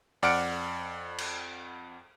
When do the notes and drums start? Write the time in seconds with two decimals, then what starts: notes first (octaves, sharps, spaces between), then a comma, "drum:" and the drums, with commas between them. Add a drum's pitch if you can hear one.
0.23 F2 D5 F#5 F6 C#7 D7, drum: open hi-hat
1.18 drum: cymbal